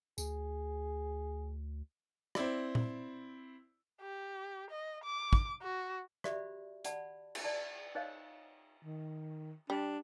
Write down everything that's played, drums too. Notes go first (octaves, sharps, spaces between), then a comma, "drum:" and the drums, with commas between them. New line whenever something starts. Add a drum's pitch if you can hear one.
D2 G#4, drum: tambourine
C4 E4 D5, drum: rim click
drum: tom A#2
G4
D#5
D6
drum: kick
F#4
F#4 G4 C5 D5 E5 B5, drum: rim click
D5 F#5 A5 B5, drum: hi-hat
drum: cymbal
D5 A5
D#4 C5 C#5 D#5 F5
D#3
G3 D4